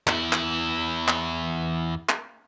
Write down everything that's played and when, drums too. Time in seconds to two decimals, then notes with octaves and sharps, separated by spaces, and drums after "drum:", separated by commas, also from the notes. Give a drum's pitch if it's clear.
0.07 E2 E4, drum: clap
0.33 drum: clap
1.08 drum: clap
2.09 drum: clap